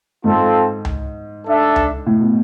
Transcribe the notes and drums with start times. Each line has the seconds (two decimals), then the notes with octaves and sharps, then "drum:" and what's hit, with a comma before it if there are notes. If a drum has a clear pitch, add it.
0.24 G#2 C4 F4 A4
0.85 drum: tom C#2
1.46 D4 A4 E5
1.76 drum: tom C#2
2.06 A2
2.20 B2